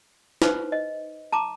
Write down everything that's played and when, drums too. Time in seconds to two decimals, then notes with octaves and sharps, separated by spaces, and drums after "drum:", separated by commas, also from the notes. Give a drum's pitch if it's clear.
0.42 D#4 B4 C5, drum: snare
0.72 D#5
1.32 A5 A#5 D6